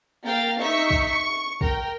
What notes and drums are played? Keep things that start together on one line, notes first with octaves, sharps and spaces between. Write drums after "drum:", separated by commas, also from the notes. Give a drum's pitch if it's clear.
A#3 F5 G5 A6
D#4 E5 C#6 B6
drum: kick
C#6
A#4 G5, drum: kick